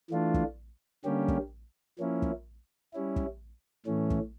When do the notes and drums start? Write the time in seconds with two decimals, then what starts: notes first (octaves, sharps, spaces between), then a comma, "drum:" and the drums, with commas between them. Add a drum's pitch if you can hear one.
0.10 E3 A3 D4 F4
0.34 drum: kick
1.05 D3 G3 A#3 C#4 G4
1.28 drum: kick
1.99 F3 A#3 C#4 E4
2.22 drum: kick
2.93 G3 C#4 E4
3.16 drum: kick
3.86 A2 E3 A3 C#4
4.10 drum: kick